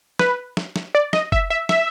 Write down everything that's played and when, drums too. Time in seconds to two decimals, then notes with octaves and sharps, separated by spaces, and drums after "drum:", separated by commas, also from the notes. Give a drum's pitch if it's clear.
0.19 B4, drum: snare
0.57 drum: snare
0.76 drum: snare
0.95 D5
1.13 D#5, drum: snare
1.32 E5, drum: kick F#1
1.50 E5
1.69 E5, drum: snare